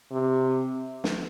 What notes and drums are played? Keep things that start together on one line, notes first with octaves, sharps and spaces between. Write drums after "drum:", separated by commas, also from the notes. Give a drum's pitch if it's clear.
C3
drum: snare